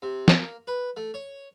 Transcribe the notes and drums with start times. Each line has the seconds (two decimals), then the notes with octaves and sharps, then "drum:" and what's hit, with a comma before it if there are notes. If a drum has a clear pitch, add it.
0.02 C3
0.28 A#3, drum: snare
0.67 B4
0.97 A3
1.14 C#5